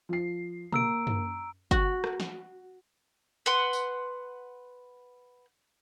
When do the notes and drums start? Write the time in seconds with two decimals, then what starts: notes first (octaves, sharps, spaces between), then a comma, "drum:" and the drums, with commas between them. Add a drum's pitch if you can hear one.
0.09 F3 C7
0.72 A#3 A#5 E6 D7, drum: tom A#2
1.07 drum: tom F#2
1.71 F#4, drum: kick G1
2.04 drum: rim click
2.20 drum: snare
3.46 B4 F#5 C6
3.73 drum: tambourine